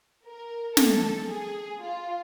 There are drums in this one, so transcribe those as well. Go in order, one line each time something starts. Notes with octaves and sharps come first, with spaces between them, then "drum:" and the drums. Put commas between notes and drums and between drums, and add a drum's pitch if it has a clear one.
A#4
A4, drum: snare
G#4
F4